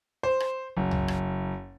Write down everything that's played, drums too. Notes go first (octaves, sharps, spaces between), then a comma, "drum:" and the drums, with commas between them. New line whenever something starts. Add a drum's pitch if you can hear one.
C5
drum: rim click
F#1
drum: tom C2
drum: rim click